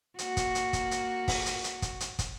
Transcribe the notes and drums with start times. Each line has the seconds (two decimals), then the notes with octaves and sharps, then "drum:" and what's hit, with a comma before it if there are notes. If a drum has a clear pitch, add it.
0.19 A#3 F#4, drum: hi-hat
0.37 drum: kick, hi-hat
0.55 drum: hi-hat
0.73 drum: kick, hi-hat
0.91 drum: hi-hat
1.28 drum: kick, open hi-hat
1.46 drum: hi-hat
1.64 drum: hi-hat
1.82 drum: kick, hi-hat
2.00 drum: hi-hat
2.19 drum: kick, hi-hat